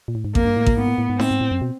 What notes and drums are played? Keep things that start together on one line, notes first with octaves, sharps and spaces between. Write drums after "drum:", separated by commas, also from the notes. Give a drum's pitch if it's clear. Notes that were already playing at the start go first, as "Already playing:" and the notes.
A#2
A2
G#2
F2 A#3, drum: kick A1
G2
A2
A#2, drum: kick A1
G#2 B3
A2
A2
G#2
A2 C4, drum: snare D#4
G#2
A2
F#2
B2